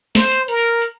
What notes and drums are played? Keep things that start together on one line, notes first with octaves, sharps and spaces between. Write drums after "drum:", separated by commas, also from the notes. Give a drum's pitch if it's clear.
C5, drum: snare
drum: hi-hat
A#4, drum: hi-hat
drum: hi-hat